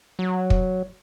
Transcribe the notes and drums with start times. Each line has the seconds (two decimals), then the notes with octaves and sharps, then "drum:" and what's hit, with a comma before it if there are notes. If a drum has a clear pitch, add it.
0.19 F#3
0.50 drum: kick